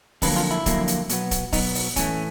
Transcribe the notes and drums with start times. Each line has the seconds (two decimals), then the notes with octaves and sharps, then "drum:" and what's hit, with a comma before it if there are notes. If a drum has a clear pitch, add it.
0.22 F2 D3 F#3 A#3 B4, drum: kick, open hi-hat
0.36 F4
0.51 E4
0.66 F2 D3 F#3 A#3, drum: kick, hi-hat
0.88 drum: hi-hat
1.09 B2 F#3 B3, drum: hi-hat
1.31 drum: kick, hi-hat
1.53 B2 F#3 B3 D#4, drum: kick, open hi-hat
1.75 drum: open hi-hat
1.96 A2 E3 A3 C#4, drum: kick, hi-hat